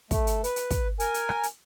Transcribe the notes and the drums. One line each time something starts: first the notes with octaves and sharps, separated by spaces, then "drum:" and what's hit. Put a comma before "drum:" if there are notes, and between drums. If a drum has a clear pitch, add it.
A3, drum: kick, hi-hat
drum: hi-hat
B4, drum: hi-hat
drum: hi-hat
drum: kick, hi-hat
A#4 G#5, drum: hi-hat
drum: hi-hat
drum: rim click
drum: hi-hat